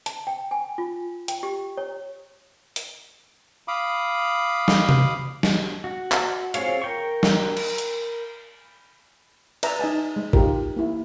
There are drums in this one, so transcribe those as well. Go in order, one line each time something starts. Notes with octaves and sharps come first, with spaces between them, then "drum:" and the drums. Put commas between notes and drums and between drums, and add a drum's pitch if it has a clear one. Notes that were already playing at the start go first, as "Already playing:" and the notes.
A5, drum: hi-hat
G5
G#5
F4
G5, drum: hi-hat
G4
C#5
drum: hi-hat
F5 B5 D6 D#6
drum: snare
drum: tom C3
drum: snare
F#4
drum: clap
C4 F4 G#4 C#5 F5, drum: hi-hat
A#4 G5 C#6
drum: snare
drum: cymbal
drum: hi-hat
B4 D5 E5 G#5 A#5, drum: cymbal
D#4 D#5 G#5 A5
G#3
D#4 F4 G4 A#4, drum: kick G#1
A#3 E4